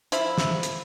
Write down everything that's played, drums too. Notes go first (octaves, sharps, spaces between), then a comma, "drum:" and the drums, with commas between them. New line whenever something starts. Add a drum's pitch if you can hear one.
F3 E4, drum: hi-hat
drum: snare
drum: hi-hat